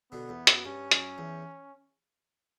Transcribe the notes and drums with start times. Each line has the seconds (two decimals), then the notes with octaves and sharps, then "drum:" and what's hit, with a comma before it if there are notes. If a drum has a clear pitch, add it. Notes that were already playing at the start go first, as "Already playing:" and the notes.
0.12 B2 D3 B3
0.29 E2
0.47 F#2, drum: hi-hat
0.65 G2 C#4
0.91 F#2, drum: hi-hat
1.18 E2